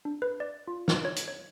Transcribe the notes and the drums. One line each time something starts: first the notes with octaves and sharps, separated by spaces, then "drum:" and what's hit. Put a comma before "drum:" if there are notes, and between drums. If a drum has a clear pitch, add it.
D4
B4
D5
F4
A#3, drum: snare
C#5
drum: hi-hat
C#5